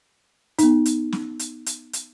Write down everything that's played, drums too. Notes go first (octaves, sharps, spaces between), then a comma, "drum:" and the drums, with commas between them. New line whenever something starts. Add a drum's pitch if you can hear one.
B3 D#4, drum: hi-hat
drum: hi-hat
drum: snare
drum: hi-hat
drum: hi-hat
drum: hi-hat